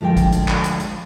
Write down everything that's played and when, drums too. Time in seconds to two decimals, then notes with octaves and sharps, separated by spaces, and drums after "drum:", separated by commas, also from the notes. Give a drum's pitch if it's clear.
0.01 D2 F3 G#3 A#4 G5
0.16 drum: kick G#1, hi-hat
0.32 drum: hi-hat
0.48 drum: clap
0.64 drum: hi-hat
0.80 drum: hi-hat